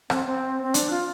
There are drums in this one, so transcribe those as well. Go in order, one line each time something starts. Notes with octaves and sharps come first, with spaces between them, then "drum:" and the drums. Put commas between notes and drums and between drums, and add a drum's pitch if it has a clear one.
C4, drum: rim click
C4
C4
D4, drum: hi-hat
F4